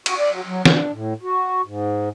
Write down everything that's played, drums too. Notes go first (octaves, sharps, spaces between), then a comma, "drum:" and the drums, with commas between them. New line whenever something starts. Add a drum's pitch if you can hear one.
F#4, drum: cymbal
D5
F#3
F#3
D4, drum: snare
A2
F#4
G#2